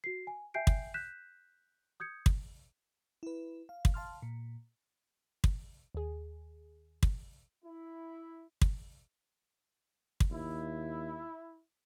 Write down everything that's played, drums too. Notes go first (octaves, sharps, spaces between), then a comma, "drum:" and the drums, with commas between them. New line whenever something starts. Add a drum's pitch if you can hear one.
F#4 C7
G#5
E5 G5 G#5 G6 C7 D7
drum: kick
F#6 G6 B6 E7
D#6 G6 G#6 C#7
drum: kick
E4 B4
F5
drum: kick
F5 A5 C6 F6
A#2
drum: kick
D#2 G#4
drum: kick
E4
drum: kick
drum: kick
D#2 E4